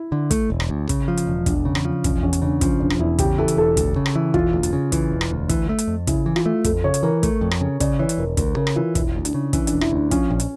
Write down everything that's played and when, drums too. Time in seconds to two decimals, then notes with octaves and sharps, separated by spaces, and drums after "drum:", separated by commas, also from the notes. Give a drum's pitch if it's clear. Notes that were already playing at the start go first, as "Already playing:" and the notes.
Already playing: E4
0.12 D3
0.31 A3, drum: kick, hi-hat
0.50 E1
0.60 drum: rim click
0.70 D2
0.89 C#3, drum: kick, hi-hat
1.08 F3
1.17 drum: hi-hat
1.27 E1
1.46 E2 D4, drum: kick, hi-hat
1.65 C#3
1.75 drum: rim click
1.85 F3
2.04 E1 C#4, drum: kick, hi-hat
2.22 E2 C#4
2.33 drum: hi-hat
2.42 C#3 D4
2.61 F3 C#4, drum: kick, hi-hat
2.80 E1 D4
2.90 drum: rim click
3.00 E2 E4
3.19 C#3 G4, drum: kick, hi-hat
3.38 E3 A4
3.48 drum: hi-hat
3.57 E1 A4
3.77 D2, drum: kick, hi-hat
3.96 C#3
4.06 drum: rim click
4.16 E3
4.34 E1 F4, drum: kick
4.53 D2
4.63 drum: hi-hat
4.73 C#3
4.92 E3, drum: kick, hi-hat
5.12 E1
5.21 drum: rim click
5.31 D2
5.49 E3, drum: kick, hi-hat
5.69 A3
5.78 drum: hi-hat
5.87 F2
6.07 C#3 E4, drum: kick, hi-hat
6.26 E3
6.36 F4, drum: rim click
6.46 A3
6.64 F2 A4, drum: kick, hi-hat
6.84 C#3 C#5
6.94 drum: hi-hat
7.03 E3 A#4
7.23 A3, drum: kick, hi-hat
7.41 F2
7.51 drum: rim click
7.61 C#3
7.80 C#3 D5, drum: kick, hi-hat
7.99 E3 C#5
8.09 drum: hi-hat
8.18 E1 A#4
8.37 D2 A#4, drum: kick, hi-hat
8.57 C#3 A#4
8.67 drum: rim click
8.76 E3 F4
8.95 E1 E4, drum: kick, hi-hat
9.15 D2
9.25 D4, drum: hi-hat
9.34 C#3
9.53 E3 C#4, drum: kick, hi-hat
9.67 D4, drum: hi-hat
9.73 E1
9.81 E4, drum: rim click
9.92 D2 D4
10.11 F3 C#4, drum: kick, hi-hat
10.30 A#1 C#4
10.40 drum: hi-hat